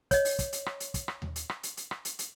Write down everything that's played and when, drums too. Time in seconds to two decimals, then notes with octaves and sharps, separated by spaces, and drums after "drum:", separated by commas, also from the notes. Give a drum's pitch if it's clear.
0.11 C#5 D#5, drum: kick, hi-hat
0.25 drum: open hi-hat
0.39 drum: kick, hi-hat
0.53 drum: hi-hat
0.66 drum: rim click
0.80 drum: hi-hat
0.94 drum: kick, hi-hat
1.08 drum: rim click
1.22 drum: tom D#2
1.36 drum: hi-hat
1.49 drum: rim click
1.63 drum: hi-hat
1.77 drum: hi-hat
1.91 drum: rim click
2.05 drum: hi-hat
2.19 drum: hi-hat